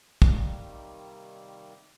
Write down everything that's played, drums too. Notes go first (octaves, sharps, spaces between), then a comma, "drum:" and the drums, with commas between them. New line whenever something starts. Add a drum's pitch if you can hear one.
C3 D#3 G3 A#3, drum: kick